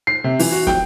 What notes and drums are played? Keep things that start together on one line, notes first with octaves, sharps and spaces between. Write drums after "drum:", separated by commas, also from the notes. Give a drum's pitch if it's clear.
C7
C3
E3, drum: open hi-hat
F#4
G5, drum: snare